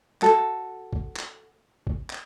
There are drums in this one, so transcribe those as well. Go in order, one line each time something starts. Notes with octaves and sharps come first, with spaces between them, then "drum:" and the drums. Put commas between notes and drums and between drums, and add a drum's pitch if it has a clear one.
F#4 A4, drum: clap
drum: kick
drum: clap
drum: kick
drum: clap